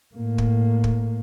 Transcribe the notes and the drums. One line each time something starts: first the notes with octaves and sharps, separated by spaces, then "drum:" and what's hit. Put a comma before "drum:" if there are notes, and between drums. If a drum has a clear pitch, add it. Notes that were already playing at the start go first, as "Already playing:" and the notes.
A2 A#3
drum: kick
drum: kick